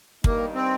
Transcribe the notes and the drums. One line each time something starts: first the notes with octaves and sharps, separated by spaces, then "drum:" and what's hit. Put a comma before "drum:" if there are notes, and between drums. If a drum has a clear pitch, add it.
G2 D#3 G3 A#3 D#4, drum: kick
C4